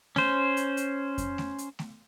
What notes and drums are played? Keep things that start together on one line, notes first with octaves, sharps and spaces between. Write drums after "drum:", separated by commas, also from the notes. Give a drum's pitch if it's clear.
C#4 C5, drum: snare A3
drum: hi-hat
drum: hi-hat
drum: kick F2, hi-hat
drum: snare A3
drum: hi-hat
drum: snare A3